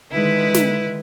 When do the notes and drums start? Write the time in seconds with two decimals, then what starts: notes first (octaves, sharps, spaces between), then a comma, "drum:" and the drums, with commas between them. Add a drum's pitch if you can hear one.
0.11 D3 D#3 G#3 E4 B4
0.54 drum: snare